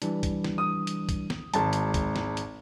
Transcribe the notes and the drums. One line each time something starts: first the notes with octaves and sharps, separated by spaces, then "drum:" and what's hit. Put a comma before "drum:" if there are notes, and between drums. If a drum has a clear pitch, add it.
E3 G3 D4, drum: hi-hat
drum: kick, hi-hat
drum: snare
D#6
drum: hi-hat
drum: kick, hi-hat
drum: snare
G#1 G#3 A5, drum: hi-hat
drum: hi-hat
drum: kick, hi-hat
drum: snare
drum: hi-hat